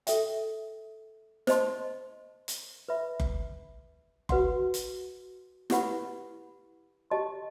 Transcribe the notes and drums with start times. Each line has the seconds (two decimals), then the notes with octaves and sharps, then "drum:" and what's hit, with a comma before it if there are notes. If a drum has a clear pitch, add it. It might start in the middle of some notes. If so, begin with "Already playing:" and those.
0.07 A4 E5 G5, drum: hi-hat
1.47 C5 D#5 A5 C6, drum: snare
2.48 drum: hi-hat
2.88 B4 E5 B5
3.20 drum: kick F#1
4.29 F#4 B4 F#5 C6, drum: kick F#1
4.74 drum: hi-hat
5.70 E4 G4 B4 F#5 B5, drum: snare
7.10 G4 D#5 A5 C6